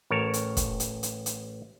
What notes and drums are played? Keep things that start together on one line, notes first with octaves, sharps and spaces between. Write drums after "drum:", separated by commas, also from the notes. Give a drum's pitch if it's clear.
A1 A#4 C#5 A5
drum: hi-hat
drum: kick, hi-hat
drum: hi-hat
drum: hi-hat
drum: hi-hat